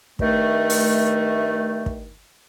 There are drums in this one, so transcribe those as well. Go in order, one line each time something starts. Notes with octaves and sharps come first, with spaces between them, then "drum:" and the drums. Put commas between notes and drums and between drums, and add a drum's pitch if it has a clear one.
G2 D#3 A3, drum: kick
drum: open hi-hat
drum: kick